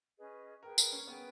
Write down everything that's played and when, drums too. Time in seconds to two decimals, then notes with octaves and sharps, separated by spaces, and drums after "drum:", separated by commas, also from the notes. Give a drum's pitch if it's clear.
0.19 C#4 G#4 B4 D#5
0.63 G#4 A#4 B4 G5
0.78 A#4, drum: tambourine
0.93 C#4
1.07 B3 G#4 B4 G5